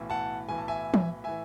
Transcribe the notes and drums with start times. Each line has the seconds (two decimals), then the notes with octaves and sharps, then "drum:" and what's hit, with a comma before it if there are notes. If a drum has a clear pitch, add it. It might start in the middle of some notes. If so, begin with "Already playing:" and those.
Already playing: B1 A2 E3
0.10 F#5 A5
0.48 B1 A2 E3 G#5
0.58 A5
0.68 E5 G#5
0.94 drum: tom E3
1.24 A2 E3 E5 G#5